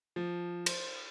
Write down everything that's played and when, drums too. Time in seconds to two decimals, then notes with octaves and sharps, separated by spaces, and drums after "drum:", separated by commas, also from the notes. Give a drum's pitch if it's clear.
0.16 F3
0.66 C5, drum: cymbal